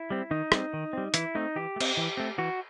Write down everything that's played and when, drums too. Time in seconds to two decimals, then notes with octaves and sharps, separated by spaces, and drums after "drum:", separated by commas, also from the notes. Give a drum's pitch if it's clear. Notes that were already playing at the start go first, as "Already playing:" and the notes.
Already playing: E4
0.10 G3 C4
0.31 D#3 D#4
0.52 G3 C4, drum: rim click
0.73 D#3
0.93 G3 C4
1.14 E3 E4, drum: hi-hat
1.35 A3 C4 D#4
1.56 E3 G4
1.76 A3
1.80 C4, drum: cymbal
1.97 E3
2.17 A3 C4
2.38 E3 F#4